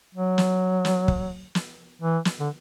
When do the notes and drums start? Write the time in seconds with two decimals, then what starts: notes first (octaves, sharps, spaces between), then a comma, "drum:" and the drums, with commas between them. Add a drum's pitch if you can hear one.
0.15 F#3
0.38 drum: snare
0.85 drum: snare
1.08 drum: kick
1.55 drum: snare
2.02 E3
2.25 drum: snare
2.40 D3